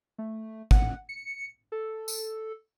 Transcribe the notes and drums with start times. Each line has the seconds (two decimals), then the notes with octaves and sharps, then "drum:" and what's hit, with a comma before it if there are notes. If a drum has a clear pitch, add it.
0.18 A3
0.71 F#5, drum: kick
1.09 C#7
1.72 A4
2.08 drum: tambourine